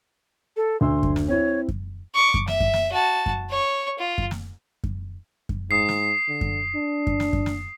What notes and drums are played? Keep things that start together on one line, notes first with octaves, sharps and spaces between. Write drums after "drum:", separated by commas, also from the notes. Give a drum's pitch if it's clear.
A4
D2 C6 E6
drum: kick F#2
drum: snare
C4 E4 C#5
drum: kick F#2
C#6 D6
drum: kick F#2
E5, drum: snare
drum: kick F#2
drum: snare
F#4 A5
drum: kick F#2
C#5 C#6
F4
drum: kick F#2
drum: snare
drum: kick F#2
drum: kick F#2
G#2 D#6 C7
drum: snare
D3
drum: kick F#2
D4
drum: kick F#2
drum: snare
drum: kick F#2
drum: snare